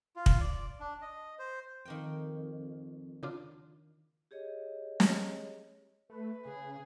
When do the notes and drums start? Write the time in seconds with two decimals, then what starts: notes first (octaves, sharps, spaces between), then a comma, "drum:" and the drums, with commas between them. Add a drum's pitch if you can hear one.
0.16 F4
0.26 drum: kick
0.40 D5
0.80 D4
1.02 D#5
1.39 C5
1.85 F2 D#3 A#3 G5
3.23 C#3 D4 F4
4.31 G4 G#4 C#5 D#5
5.00 drum: snare
6.10 A3 B4
6.45 C#3 G#4